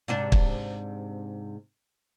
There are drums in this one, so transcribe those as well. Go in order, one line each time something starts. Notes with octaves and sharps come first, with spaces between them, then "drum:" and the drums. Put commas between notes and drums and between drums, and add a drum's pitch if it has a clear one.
G#2 C3 D4
drum: kick